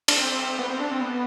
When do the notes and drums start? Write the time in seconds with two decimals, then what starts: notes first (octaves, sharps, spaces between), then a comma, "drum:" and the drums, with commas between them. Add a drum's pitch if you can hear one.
0.08 D4, drum: cymbal
0.17 C4
0.59 B3
0.69 C4
0.80 D4
0.91 C4
1.01 B3